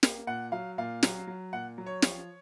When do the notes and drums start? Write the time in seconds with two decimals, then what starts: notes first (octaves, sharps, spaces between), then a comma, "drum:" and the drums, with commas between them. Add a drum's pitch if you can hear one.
0.03 A#3, drum: snare
0.27 A#2 F#5
0.52 F#3 F5
0.78 A#2 F5
1.03 F#3, drum: snare
1.27 F#3
1.53 A#2 F#5
1.78 F#3
1.86 C#5
2.02 F3, drum: snare